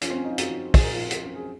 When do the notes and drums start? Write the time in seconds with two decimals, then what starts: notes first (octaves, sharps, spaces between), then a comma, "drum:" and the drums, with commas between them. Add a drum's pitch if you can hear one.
0.01 F3 C#4 F4, drum: hi-hat
0.10 C4
0.16 C#4
0.24 F#2 D#4
0.31 F4
0.38 D#4 F#4, drum: hi-hat
0.50 F3
0.74 F3 G#4, drum: kick, open hi-hat
0.83 A#4
0.92 F4 G#4
0.99 F3
1.11 drum: hi-hat
1.23 F#2
1.35 G#4